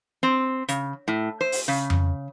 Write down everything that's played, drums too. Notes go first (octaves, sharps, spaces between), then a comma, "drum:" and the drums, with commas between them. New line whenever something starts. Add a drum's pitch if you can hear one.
C4
C#3, drum: hi-hat
A2
C5
drum: open hi-hat
C#3
drum: tom F2